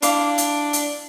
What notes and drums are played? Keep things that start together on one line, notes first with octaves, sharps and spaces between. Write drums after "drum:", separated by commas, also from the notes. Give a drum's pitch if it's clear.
D4 E4 F5 D6, drum: hi-hat
drum: hi-hat
drum: hi-hat